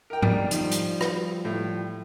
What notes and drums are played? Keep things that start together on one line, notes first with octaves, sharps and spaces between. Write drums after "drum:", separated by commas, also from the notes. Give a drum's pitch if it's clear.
A#4 G5
G3 D4 D#4, drum: tom G#2
D#3 F3 G3, drum: hi-hat
drum: hi-hat
drum: rim click
A2